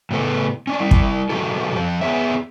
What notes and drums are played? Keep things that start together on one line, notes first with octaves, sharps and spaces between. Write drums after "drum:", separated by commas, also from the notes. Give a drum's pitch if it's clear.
A2 C#3 B3 A4 C5
C#4 D4
G3 E4
drum: kick
B2 F#3 F#4 G4 A4
F2 F3 C5
B3 G#4 C#5 E5